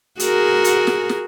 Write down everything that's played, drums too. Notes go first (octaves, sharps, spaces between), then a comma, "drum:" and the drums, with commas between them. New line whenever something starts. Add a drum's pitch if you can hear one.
F#4 G#4 A#4, drum: hi-hat
drum: hi-hat
drum: snare
drum: snare